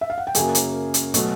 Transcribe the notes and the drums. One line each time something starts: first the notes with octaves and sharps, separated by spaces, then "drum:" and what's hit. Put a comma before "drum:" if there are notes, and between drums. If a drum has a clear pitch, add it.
E5
F5
F#5
G5
F#2 C#3 F#3 A#3 G#4 G#5, drum: hi-hat
drum: hi-hat
drum: hi-hat
B2 F#3 A3, drum: hi-hat